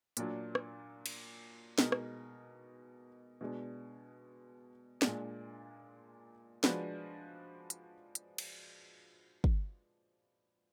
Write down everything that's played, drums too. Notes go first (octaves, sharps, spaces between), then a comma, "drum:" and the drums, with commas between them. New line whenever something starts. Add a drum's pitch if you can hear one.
A#2 F#3 D4, drum: hi-hat
drum: rim click
drum: cymbal
B2 G#3 D#4 A#4, drum: snare
drum: rim click
B2 G#3 D4
A#2 G#3 D4, drum: snare
F3 G#3 D4 F#4 B4, drum: snare
drum: hi-hat
drum: hi-hat
drum: cymbal
drum: kick